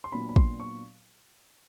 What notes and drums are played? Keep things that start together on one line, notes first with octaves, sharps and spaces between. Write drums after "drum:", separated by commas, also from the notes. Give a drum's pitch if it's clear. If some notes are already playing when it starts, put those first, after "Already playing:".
C6
A#2 F#3 B3 D4 B5
B5
C6, drum: kick
C#6